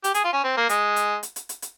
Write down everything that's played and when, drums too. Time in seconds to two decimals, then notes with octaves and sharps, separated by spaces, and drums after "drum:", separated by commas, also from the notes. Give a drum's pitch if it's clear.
0.04 G4, drum: hi-hat
0.14 G#4, drum: hi-hat
0.24 F4
0.33 C#4
0.44 C4
0.57 A#3
0.69 G#3, drum: hi-hat
0.96 drum: hi-hat
1.23 drum: hi-hat
1.36 drum: hi-hat
1.49 drum: hi-hat
1.62 drum: hi-hat